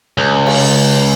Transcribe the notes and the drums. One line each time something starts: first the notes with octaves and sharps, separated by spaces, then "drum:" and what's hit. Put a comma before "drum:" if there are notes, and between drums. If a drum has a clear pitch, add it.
C#2
drum: cymbal